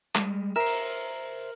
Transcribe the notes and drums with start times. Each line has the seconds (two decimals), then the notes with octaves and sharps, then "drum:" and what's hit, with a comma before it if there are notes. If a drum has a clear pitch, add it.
0.15 G3 G#3, drum: clap
0.56 A#4 C5 E5
0.66 drum: open hi-hat